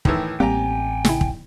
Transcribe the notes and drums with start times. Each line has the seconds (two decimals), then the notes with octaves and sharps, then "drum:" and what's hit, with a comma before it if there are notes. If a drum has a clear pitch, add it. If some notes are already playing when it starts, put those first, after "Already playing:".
0.05 A2 D#3 E3, drum: kick
0.40 A1 G3 A#3 C4 G4 G5 G#5 A#5
1.05 C#3 E4, drum: snare
1.21 drum: kick